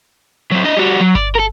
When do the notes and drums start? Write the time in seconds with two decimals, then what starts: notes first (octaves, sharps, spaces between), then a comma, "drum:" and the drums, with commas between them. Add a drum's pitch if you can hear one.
0.52 F#3 C4
0.64 D4 D#5
0.77 G3 F#4
1.01 F#3
1.15 D5, drum: kick G1
1.35 A4 A#4